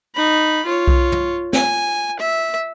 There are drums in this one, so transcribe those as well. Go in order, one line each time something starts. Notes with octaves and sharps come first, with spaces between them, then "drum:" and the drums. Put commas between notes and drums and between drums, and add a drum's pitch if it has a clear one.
D#4 B5
F4 C#5
drum: kick B1
drum: tom
G#5, drum: snare
E5